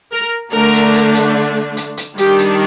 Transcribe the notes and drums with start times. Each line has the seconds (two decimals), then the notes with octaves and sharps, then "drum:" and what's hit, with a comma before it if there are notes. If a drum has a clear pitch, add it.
0.12 A#4
0.52 D3 A3 D4 A#4
0.74 drum: hi-hat
0.94 drum: hi-hat
1.15 drum: hi-hat
1.77 drum: hi-hat
1.97 drum: hi-hat
2.18 D#3 G3 D4 G4, drum: hi-hat
2.39 drum: hi-hat